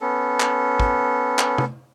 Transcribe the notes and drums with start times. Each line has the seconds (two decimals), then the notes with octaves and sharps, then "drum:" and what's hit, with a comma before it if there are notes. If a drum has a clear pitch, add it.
0.01 B3 C#4 A4
0.40 drum: clap
0.80 drum: kick
1.39 drum: clap
1.58 drum: tom